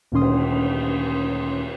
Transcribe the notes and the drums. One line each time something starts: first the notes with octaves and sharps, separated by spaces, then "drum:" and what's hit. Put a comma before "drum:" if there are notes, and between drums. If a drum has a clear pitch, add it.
D2 A#2 D#3 C#4 C6 D#6
drum: cymbal